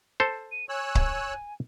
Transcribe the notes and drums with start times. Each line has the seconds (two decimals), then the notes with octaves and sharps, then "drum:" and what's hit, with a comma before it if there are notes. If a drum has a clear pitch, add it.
0.20 A4 C5
0.52 D#7
0.69 C#5 G#5 E6 F#6
0.95 drum: kick C#1